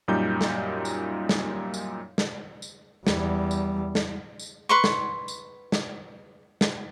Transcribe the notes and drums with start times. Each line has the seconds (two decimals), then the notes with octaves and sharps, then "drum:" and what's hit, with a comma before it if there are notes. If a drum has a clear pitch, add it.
0.08 F#2 A#2 G3 D#4 G6
0.41 drum: snare
0.85 drum: tambourine
1.29 drum: snare
1.74 drum: tambourine
2.18 drum: snare
2.62 drum: tambourine
3.07 E2 G3, drum: snare
3.51 drum: tambourine
3.95 drum: snare
4.39 drum: tambourine
4.69 B4 C6 C#6
4.84 drum: snare
5.28 drum: tambourine
5.72 drum: snare
6.61 drum: snare